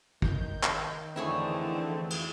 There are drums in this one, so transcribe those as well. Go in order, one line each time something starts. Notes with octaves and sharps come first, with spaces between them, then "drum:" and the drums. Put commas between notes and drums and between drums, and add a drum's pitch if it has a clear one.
D#3 G6, drum: kick
drum: clap
F2 D3 E3 A3 C4 E4 G#4 C#5
drum: cymbal